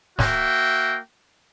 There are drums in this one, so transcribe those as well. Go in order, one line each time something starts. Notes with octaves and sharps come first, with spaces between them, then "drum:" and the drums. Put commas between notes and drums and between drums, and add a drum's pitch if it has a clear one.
A#3 F#4 E5 G5, drum: snare